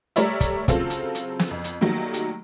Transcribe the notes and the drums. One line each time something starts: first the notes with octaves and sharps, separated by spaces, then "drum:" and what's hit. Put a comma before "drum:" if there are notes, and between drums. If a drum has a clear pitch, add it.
G3 A3 A#4 C#5 D5 E5, drum: hi-hat
drum: kick, hi-hat
C#3 F#3 C4 F4 A4, drum: kick, hi-hat
drum: hi-hat
drum: hi-hat
drum: snare
F2
drum: hi-hat
D#3 F#3 G3 A3 A#3
drum: hi-hat